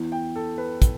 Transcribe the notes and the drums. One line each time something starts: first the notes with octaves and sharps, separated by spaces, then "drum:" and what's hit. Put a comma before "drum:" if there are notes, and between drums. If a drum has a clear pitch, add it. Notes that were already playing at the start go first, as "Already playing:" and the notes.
Already playing: E2 E3
G5
A4
B4
drum: kick, hi-hat